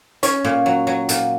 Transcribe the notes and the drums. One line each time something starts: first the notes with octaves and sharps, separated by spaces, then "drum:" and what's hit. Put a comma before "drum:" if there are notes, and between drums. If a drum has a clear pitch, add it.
C#4 C#5, drum: hi-hat
A#2
F#3
F#3
A#2, drum: hi-hat